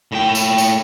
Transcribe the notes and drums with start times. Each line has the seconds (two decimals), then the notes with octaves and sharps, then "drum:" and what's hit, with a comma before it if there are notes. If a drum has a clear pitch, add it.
0.12 A2 G5
0.35 drum: tambourine
0.58 drum: tambourine